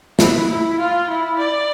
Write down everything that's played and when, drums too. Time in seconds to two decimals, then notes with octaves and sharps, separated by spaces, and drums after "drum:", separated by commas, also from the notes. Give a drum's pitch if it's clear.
0.19 E4, drum: snare
0.49 E4
0.79 F4
1.09 E4
1.38 D5